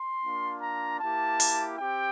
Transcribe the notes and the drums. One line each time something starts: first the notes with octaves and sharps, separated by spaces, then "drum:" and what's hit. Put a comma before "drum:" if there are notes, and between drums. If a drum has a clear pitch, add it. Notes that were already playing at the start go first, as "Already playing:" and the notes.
Already playing: C6
A#3 D4 F4
A#5
A#3 E4 G4 A5
drum: open hi-hat
C4 G4 G5